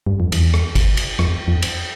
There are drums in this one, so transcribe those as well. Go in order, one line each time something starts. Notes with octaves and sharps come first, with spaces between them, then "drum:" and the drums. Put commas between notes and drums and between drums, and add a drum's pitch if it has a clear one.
G2
F2
E2, drum: cymbal
drum: rim click
drum: kick, cymbal
drum: cymbal
F2, drum: rim click
F2
drum: cymbal